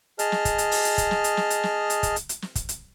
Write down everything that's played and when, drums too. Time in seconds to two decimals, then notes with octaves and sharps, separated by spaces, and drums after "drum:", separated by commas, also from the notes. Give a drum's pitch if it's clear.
0.19 G#4 D#5 A5 F6, drum: hi-hat
0.32 drum: snare
0.45 drum: kick, hi-hat
0.58 drum: hi-hat
0.71 drum: open hi-hat
0.85 drum: hi-hat
0.98 drum: kick, hi-hat
1.11 drum: snare
1.24 drum: hi-hat
1.37 drum: snare
1.50 drum: hi-hat
1.63 drum: snare
1.90 drum: hi-hat
2.03 drum: kick, hi-hat
2.16 drum: hi-hat
2.29 drum: hi-hat
2.42 drum: snare
2.55 drum: kick, hi-hat
2.69 drum: hi-hat